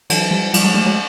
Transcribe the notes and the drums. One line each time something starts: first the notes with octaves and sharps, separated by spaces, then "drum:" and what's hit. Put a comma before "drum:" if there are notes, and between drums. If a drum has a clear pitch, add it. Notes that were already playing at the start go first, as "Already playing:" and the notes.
E3 F#3, drum: cymbal
F3 G3
F3 G3, drum: cymbal
F#3 G#3
G3 A3
F#3 G#3